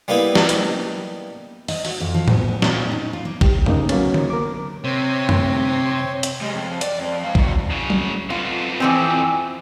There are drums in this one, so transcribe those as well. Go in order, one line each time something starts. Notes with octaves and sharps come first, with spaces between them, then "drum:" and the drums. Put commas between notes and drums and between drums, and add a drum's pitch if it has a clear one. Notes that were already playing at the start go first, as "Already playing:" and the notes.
G3 A#3 B3 D#4 E4
drum: snare
drum: hi-hat
D#5, drum: open hi-hat
F#4, drum: open hi-hat
F2
F3
B3, drum: tom A2
A#2, drum: snare
D#4
F4
A#3
G4, drum: kick B1
C#3 A#3 D#4, drum: tom
F#3 A#3 B3 C#4, drum: cymbal
drum: tom D3
A#4 D6
C3 C4 C#5 C6
drum: tom
drum: hi-hat
G3 G#3
F2
D5, drum: hi-hat
F2
G#3 F5
D#3 F#4, drum: kick B1
C#3 F#3
drum: tom F#3
F2 B3 F4
E3 F3 C4